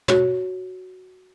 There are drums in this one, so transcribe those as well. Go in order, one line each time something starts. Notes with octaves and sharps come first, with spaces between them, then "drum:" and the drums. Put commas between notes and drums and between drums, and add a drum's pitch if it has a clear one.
F#4 C#5, drum: tom